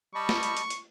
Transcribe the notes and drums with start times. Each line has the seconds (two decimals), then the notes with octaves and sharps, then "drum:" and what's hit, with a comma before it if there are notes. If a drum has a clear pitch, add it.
0.15 G3 D#5 A5 B5 C#6
0.29 drum: snare
0.43 drum: hi-hat
0.57 drum: hi-hat
0.70 drum: hi-hat